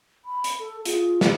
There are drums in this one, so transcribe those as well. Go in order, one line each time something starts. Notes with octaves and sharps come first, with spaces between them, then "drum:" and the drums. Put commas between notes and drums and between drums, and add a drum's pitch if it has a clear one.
B5
drum: hi-hat
A4
F4 G#4, drum: hi-hat
drum: snare